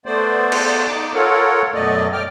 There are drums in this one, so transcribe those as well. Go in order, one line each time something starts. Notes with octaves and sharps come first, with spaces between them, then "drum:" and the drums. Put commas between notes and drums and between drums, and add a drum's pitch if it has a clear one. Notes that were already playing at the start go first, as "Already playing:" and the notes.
A3 B3 C5 D5
drum: cymbal
D#4 D6
F4 A4 A#4 C#5 F#5
F#2 B2 F#3 A3 D5 D#5
G3 G5 D6 F6